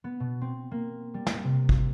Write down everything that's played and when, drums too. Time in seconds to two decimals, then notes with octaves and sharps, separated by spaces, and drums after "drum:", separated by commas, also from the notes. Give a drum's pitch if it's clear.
0.04 B3
0.20 B2
0.41 C4
0.71 A#3
1.14 G3
1.27 drum: snare
1.44 C3
1.69 drum: kick